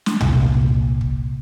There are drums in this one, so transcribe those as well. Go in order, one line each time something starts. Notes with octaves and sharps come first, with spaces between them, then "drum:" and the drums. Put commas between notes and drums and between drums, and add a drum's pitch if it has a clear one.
drum: snare
C2 A#2, drum: tom
drum: kick
drum: kick